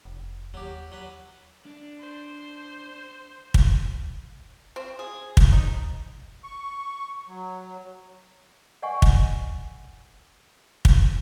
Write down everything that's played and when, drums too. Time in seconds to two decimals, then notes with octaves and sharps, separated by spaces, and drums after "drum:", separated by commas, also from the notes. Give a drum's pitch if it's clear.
0.05 F1
0.54 D#2 F#3 G4
0.92 F#3 B4
1.66 D4
2.00 C5
3.54 drum: kick
4.76 C4
4.99 G#4
5.37 drum: kick
5.52 D#4
6.44 C#6
7.28 F#3
8.82 D5 D#5 F#5 G#5 C#6
9.02 drum: kick
10.85 drum: kick